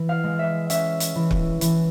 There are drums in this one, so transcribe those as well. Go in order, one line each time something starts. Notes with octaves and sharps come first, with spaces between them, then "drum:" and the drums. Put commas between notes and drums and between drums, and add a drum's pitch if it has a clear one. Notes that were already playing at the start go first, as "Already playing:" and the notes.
Already playing: E3
F5
G#3
E5
C#4 E5, drum: hi-hat
drum: hi-hat
E3
drum: kick
E3, drum: hi-hat